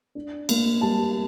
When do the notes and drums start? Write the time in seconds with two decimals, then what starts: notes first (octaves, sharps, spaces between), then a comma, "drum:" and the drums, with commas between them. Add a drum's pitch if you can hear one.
0.15 D4
0.49 A#3, drum: cymbal
0.81 G3 A5